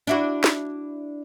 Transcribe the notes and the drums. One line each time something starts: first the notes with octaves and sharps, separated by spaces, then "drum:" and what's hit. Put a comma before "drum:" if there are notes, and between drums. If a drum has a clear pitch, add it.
D4 E4 F#4
drum: snare